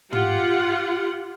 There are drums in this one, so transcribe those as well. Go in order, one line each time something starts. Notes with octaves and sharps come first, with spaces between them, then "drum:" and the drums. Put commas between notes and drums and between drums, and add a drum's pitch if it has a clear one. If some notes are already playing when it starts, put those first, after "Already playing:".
F4 G4 F#5, drum: tom